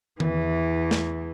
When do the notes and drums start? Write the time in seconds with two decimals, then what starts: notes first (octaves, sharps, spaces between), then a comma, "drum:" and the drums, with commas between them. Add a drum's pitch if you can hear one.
0.20 E2 E3, drum: tom D#3
0.91 drum: snare